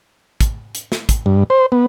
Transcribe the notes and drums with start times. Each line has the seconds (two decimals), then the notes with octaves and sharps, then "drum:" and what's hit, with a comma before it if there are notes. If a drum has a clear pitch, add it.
0.41 drum: kick, hi-hat
0.75 drum: hi-hat
0.92 drum: snare
1.09 drum: kick, hi-hat
1.26 G2
1.50 C5
1.72 B3